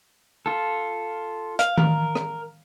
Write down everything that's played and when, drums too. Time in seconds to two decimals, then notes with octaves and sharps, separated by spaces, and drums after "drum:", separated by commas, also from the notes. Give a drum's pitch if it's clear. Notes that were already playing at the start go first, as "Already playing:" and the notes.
0.46 F4 A4
1.59 F5, drum: hi-hat
1.78 A#4, drum: tom D#3
2.15 drum: rim click